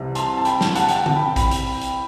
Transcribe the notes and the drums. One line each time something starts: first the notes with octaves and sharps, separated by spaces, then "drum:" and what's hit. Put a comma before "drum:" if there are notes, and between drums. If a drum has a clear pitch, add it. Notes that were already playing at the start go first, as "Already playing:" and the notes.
Already playing: C2 C3 E3 G3
A5 C6, drum: hi-hat
A5
G5 B5, drum: hi-hat
drum: snare
F#5 A5, drum: hi-hat
G5, drum: hi-hat
F#5 A5
drum: tom D3
G5 B5
G5 B5, drum: kick, hi-hat
drum: hi-hat
drum: open hi-hat
drum: hi-hat